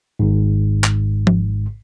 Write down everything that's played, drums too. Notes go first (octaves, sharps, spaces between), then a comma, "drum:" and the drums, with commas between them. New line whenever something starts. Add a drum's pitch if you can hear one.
G#1 G#2
drum: clap
drum: tom F3